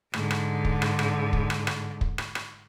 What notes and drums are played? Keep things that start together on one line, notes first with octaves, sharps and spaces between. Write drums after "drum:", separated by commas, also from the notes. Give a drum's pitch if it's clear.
G#2 D3, drum: rim click
drum: rim click
drum: kick
drum: rim click
drum: rim click
drum: kick
drum: rim click
drum: rim click
drum: kick
drum: rim click
drum: rim click